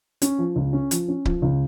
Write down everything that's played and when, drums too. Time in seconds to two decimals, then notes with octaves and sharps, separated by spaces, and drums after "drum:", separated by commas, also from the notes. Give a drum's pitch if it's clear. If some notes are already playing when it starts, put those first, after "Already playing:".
0.22 C#4, drum: hi-hat
0.38 F3
0.56 C#2
0.73 C#4
0.91 F3, drum: hi-hat
1.08 C#4
1.25 F3, drum: kick C#1
1.42 C#2